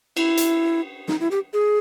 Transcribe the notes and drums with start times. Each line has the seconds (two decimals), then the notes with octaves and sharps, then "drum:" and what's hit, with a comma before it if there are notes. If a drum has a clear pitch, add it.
0.17 E4, drum: cymbal
0.37 drum: hi-hat
1.08 D#4, drum: snare
1.20 E4
1.31 G4
1.53 G#4